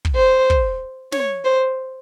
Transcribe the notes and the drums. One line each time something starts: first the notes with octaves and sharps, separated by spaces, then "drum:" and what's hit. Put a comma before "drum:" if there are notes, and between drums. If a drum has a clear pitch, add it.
drum: kick
C5
drum: kick
C#5, drum: snare
C5